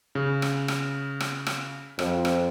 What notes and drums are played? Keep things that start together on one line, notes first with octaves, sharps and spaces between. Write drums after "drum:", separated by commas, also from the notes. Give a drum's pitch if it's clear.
C#3
drum: rim click
drum: rim click
drum: rim click
drum: rim click
F2, drum: rim click
drum: rim click